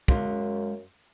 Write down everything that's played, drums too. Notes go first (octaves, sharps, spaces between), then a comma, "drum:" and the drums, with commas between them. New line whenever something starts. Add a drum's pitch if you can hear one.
F#2 G#3 F5 C6, drum: kick